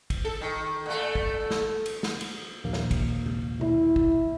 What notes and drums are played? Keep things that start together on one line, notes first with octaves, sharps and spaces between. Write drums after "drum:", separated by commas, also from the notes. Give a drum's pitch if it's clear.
drum: kick, cymbal
A4
D#3
A#2 A3
drum: kick
drum: snare
drum: cymbal
drum: snare
drum: cymbal
A#1 D#2 A#3
drum: snare
drum: kick, cymbal
drum: tom C3
E4, drum: tom B2
drum: kick